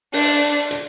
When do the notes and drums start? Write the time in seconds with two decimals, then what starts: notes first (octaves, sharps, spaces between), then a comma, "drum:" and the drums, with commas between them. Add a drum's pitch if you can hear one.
0.13 D4, drum: open hi-hat
0.71 drum: hi-hat